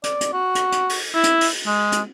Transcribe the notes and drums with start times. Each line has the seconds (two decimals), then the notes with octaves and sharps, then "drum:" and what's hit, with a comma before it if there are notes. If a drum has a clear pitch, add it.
0.04 D5, drum: hi-hat
0.21 drum: hi-hat
0.33 F#4
0.55 drum: hi-hat
0.72 drum: hi-hat
0.89 drum: open hi-hat
1.14 E4
1.24 drum: hi-hat
1.41 drum: open hi-hat
1.66 G#3
1.92 drum: hi-hat